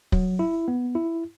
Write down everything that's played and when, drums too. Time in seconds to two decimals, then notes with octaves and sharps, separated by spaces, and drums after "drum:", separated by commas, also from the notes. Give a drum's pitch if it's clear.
0.12 F#3, drum: kick
0.39 E4
0.68 B3
0.95 E4